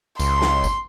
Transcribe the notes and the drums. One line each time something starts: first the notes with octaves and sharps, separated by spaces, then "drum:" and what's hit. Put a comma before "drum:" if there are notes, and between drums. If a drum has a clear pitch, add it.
C#2 C6, drum: tambourine
drum: snare
drum: kick G1, tambourine